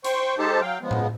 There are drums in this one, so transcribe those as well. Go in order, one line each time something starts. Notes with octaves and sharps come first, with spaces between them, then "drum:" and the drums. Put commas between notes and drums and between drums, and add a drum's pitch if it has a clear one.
C5 G5 C#6, drum: hi-hat
G#3 D#4 G4 A4 C5 A5
F#3 F5 G5
C#3 F3 G#3 B3
drum: tom A2